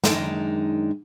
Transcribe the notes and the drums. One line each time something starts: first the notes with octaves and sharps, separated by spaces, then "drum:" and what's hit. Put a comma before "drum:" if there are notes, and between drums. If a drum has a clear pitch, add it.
F#2 B2 D#3 G#3 D4 D#4, drum: snare